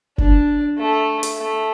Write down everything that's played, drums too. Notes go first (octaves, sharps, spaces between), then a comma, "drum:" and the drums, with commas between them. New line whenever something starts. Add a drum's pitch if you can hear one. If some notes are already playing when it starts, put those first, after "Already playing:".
D4, drum: kick F#1
A3
drum: hi-hat
A3